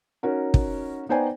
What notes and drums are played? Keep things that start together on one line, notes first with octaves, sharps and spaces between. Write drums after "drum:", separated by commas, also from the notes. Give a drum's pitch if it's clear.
C#4 D#4 F#4 A#4
drum: kick
B3 D#4 C5 D5 G5 G#5